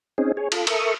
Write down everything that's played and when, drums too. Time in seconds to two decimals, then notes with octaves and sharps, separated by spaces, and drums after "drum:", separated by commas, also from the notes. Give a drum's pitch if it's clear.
0.18 C4 C#4 D#4 G#4
0.37 G#4 C#5
0.52 F4 A4, drum: cymbal
0.67 A4 A#4 E5 C#6 D#6, drum: cymbal